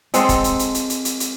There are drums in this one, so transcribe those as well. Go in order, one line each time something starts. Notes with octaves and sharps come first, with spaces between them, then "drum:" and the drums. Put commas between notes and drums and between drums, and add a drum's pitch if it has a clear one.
G#3 C4 A4 F#5, drum: hi-hat
drum: kick, hi-hat
drum: hi-hat
drum: hi-hat
drum: hi-hat
drum: hi-hat
drum: hi-hat
drum: hi-hat